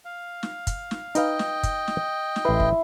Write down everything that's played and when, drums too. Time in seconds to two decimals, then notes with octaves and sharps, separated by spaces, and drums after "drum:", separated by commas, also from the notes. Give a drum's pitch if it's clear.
0.05 F5
0.43 drum: snare
0.67 drum: kick, hi-hat
0.91 drum: snare
1.15 D#4 B4 D#5 F5 G5, drum: hi-hat
1.39 drum: snare
1.63 drum: kick, hi-hat
1.87 drum: snare
2.36 drum: snare
2.45 A1 E4 B4 C6
2.60 drum: kick